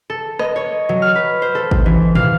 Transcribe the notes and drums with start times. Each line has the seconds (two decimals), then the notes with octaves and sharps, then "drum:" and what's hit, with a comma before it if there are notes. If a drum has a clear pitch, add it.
0.10 A4
0.39 D#5, drum: rim click
0.56 C#5
0.89 F#3
1.02 F6
1.15 B4
1.42 C5
1.55 A4
1.71 drum: kick G#1
1.86 E3
2.15 F5, drum: tom